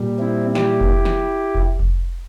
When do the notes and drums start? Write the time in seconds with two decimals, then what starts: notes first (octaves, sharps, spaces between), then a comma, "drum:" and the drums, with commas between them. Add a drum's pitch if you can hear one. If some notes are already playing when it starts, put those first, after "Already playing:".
Already playing: A#2 G3
0.19 C4 E4
0.55 E4 G4, drum: snare
0.81 drum: kick F1
1.05 drum: snare
1.55 drum: kick F1
1.79 drum: kick F1